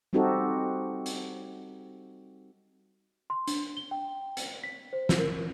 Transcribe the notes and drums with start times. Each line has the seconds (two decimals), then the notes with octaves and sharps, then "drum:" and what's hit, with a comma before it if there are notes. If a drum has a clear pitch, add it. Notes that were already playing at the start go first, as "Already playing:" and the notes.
0.13 G3 C4 D#4 F#4 G4 A4
1.06 drum: hi-hat
3.30 C6
3.48 D4, drum: hi-hat
3.77 G7
3.91 G5
4.37 drum: hi-hat
4.64 B6
4.93 C5
5.09 drum: snare
5.19 A#4